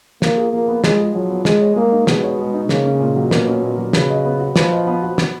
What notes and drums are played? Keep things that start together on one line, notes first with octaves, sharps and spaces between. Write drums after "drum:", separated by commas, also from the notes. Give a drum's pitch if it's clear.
A#3 F4, drum: snare
G#4
F3 A#3
B3
G#3 F4, drum: snare
G#4
F3 F#3
B3
G#3 G#4, drum: snare
C#5
G#3 A#3
D#4
B2 G#4, drum: snare
C#5
G#3
D#4
C#3 A#3, drum: snare
C#4
A#2
F#3
B2 A#3, drum: snare
C#4
A#2
F#3
C#3 B4, drum: snare
D#5
B3
F#4
F3 B4, drum: snare
D#5
B3
F#4
B3, drum: snare